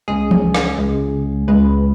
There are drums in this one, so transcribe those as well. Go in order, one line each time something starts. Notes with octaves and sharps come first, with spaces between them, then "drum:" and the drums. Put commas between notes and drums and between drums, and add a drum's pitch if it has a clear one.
C#2 C#3 G#3 G#4
drum: tom E3
drum: snare
C#2 C#3 G#3
C#2 C#3 G#3 B4